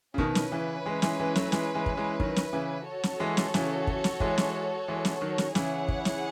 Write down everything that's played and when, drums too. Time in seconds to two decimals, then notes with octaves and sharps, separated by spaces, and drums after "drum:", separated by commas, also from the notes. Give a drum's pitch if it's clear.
0.14 C#3
0.18 B2 D#3 C#4 E4 B4, drum: kick
0.35 drum: snare
0.51 C#3 E3
0.86 E3 G#3
1.02 E3 G#3, drum: snare
1.19 E3 G#3
1.35 F#3 A3, drum: snare
1.52 E3 G#3, drum: snare
1.75 E3 G#3
1.86 drum: kick
1.97 E3 G#3
2.20 D#3 F#3, drum: kick
2.36 drum: snare
2.53 C#3 E3
2.86 F#4 A4 C#5
3.03 drum: snare
3.20 E3 G#3
3.37 drum: snare
3.54 C#3 E3, drum: snare
3.87 drum: kick
4.04 drum: snare
4.20 E3 G#3, drum: kick
4.38 drum: snare
4.88 E3 G#3
5.05 drum: snare
5.21 D#3 F#3
5.38 drum: snare
5.55 C#3 E3 E4 G#4 C#5 F#5, drum: snare
5.88 drum: kick
6.05 drum: snare